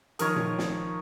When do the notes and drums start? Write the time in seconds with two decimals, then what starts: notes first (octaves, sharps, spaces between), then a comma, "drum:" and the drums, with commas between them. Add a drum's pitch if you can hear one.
0.19 D#3 F3 A#4 C#5 D#5 D#6, drum: hi-hat
0.36 drum: tom A#2
0.59 drum: snare